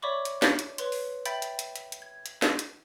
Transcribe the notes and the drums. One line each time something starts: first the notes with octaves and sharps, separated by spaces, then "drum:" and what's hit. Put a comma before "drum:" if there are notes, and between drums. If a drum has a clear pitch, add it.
C#5 D5 E5 B5 C#6 D6
drum: hi-hat
drum: snare
drum: hi-hat
B4 C#5 C6, drum: hi-hat
drum: open hi-hat
E5 G5 B5 G6 A6, drum: hi-hat
drum: hi-hat
drum: hi-hat
drum: hi-hat
drum: hi-hat
G#6
drum: hi-hat
drum: snare
drum: hi-hat